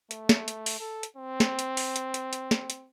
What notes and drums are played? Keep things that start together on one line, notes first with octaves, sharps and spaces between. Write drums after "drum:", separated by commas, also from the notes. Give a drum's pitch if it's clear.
A3, drum: hi-hat
drum: snare
drum: hi-hat
drum: open hi-hat
A4
drum: hi-hat
C4
drum: snare
drum: hi-hat
drum: open hi-hat
drum: hi-hat
drum: hi-hat
drum: hi-hat
drum: snare
drum: hi-hat